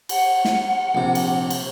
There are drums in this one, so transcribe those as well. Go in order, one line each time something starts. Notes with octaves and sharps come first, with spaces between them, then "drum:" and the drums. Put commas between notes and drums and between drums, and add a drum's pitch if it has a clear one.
F#5, drum: cymbal
drum: snare
A#1 C3
drum: cymbal
drum: cymbal